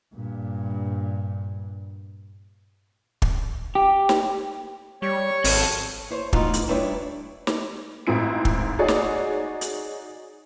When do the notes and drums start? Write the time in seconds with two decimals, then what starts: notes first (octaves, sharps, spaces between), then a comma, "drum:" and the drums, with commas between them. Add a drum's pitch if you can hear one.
0.15 G2 A#2
3.22 drum: kick
3.75 G4
4.09 drum: snare
5.02 G3 C#5 C#6
5.44 G#1 C4 A4, drum: open hi-hat
6.10 E4 C5 C#5
6.33 D2 B2 E3 B3 D#4 F4, drum: kick
6.54 drum: hi-hat
6.68 G3 D4 E4 B4 C#5 E5
7.47 drum: snare
8.07 A1 G#2 C4 E4 D7
8.45 drum: kick
8.79 D#4 F#4 G#4 C#5 D5
8.88 drum: snare
9.61 drum: hi-hat